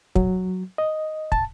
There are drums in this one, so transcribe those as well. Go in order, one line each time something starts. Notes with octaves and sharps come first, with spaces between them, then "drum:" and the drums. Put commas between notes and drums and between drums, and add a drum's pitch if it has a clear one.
F#3, drum: kick
D#5
A5, drum: kick